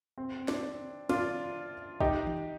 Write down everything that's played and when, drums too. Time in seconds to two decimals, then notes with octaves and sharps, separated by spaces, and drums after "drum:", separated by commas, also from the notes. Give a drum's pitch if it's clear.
0.18 C4
0.48 D4, drum: snare
1.09 D4 F4, drum: cymbal
2.00 D#4 G4, drum: kick
2.27 drum: tom D#3